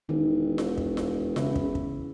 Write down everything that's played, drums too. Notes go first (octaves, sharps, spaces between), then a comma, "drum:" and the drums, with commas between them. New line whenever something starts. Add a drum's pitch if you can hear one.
E1 D#3
drum: snare F4
drum: kick
drum: snare F4
C#3 E4, drum: snare F4
drum: kick
drum: kick